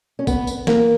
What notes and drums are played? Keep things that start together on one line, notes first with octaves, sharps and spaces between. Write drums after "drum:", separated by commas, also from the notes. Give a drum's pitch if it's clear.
C#4
B3, drum: kick, tambourine
drum: tambourine
A#3, drum: snare